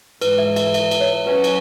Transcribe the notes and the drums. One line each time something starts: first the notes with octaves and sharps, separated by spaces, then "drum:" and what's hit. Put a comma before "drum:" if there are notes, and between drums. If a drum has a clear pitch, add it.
G#2 E3 G#3 B4, drum: cymbal
E5
E5, drum: cymbal
E5, drum: cymbal
drum: cymbal
C#5
F#3 C#4 F#4 B4
drum: cymbal